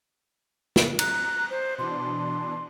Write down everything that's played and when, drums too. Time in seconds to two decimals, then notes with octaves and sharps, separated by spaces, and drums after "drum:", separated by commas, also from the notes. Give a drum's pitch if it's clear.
0.76 drum: snare
0.99 A#5 F#6, drum: cymbal
1.50 C5
1.79 B2 E3 D4 C6